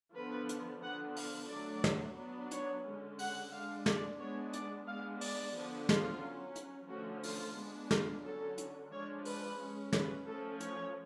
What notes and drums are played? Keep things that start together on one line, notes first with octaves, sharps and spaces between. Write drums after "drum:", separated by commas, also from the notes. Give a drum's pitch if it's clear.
D3 F3 B3 D4 B4
drum: hi-hat
D3 F3 B3 D4 F#5
F5, drum: open hi-hat
F#3 A3 D4 D5
drum: snare
F#3 B3 D4
C#5, drum: hi-hat
D3 G#3 C#4
F#5, drum: open hi-hat
G#3 D4 F5
D5, drum: snare
G#3 B3 D4 C#5
D5, drum: hi-hat
G#3 B3 D4 F5
D5, drum: open hi-hat
D3 F3 B3 D4
F4, drum: snare
F#3 C#4
drum: hi-hat
D3 F3 A3 C#4 F#4
F4, drum: open hi-hat
G#3 B3 D4
F4, drum: snare
D3 F#3 C#4 A4
drum: hi-hat
F3 G#3 D4 C#5
B4, drum: open hi-hat
G#3 C#4
B4, drum: snare
F3 A3 C#4 A4
C#5, drum: hi-hat